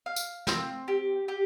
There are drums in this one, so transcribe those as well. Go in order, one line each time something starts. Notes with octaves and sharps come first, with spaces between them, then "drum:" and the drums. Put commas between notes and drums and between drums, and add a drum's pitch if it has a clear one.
F5
drum: tambourine
C4, drum: snare
G4
G4